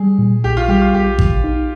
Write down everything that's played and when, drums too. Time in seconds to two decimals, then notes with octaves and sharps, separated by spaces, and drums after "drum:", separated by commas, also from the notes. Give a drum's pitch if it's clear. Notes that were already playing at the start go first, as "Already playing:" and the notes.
Already playing: G3 G#4
0.18 A#2
0.44 A#1 G4
0.57 F4
0.68 G3 G4
0.81 F4
0.94 A#1 G4
1.19 A#1, drum: kick G#1
1.44 D#4